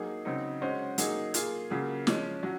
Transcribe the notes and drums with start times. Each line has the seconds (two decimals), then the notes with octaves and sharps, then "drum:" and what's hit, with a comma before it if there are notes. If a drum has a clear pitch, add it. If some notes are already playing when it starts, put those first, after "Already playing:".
Already playing: F#3 A#3 D#4 G#4
0.25 C#3 F#3 C4 D#4
0.61 G#3 C#4 F#4 C5
0.98 F#3 A#3 D#4 G#4, drum: hi-hat
1.34 A#3 F4 G#4, drum: hi-hat
1.70 C#3 F#3 A#3 F4 G#4
2.07 F3 G#3 C#4, drum: snare
2.43 F#3 C#4 F#4